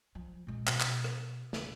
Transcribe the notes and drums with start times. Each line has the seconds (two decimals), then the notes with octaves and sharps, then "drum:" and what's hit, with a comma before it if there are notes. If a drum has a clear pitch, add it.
0.15 F3
0.47 A#2 G#3
0.67 B2, drum: clap
0.80 drum: clap
1.04 drum: rim click
1.53 C#3, drum: snare